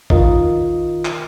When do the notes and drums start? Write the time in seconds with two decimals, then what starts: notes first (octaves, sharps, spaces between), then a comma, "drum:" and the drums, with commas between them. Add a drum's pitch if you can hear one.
0.10 D#3 F4 A#4 D#5, drum: kick A1
1.05 drum: clap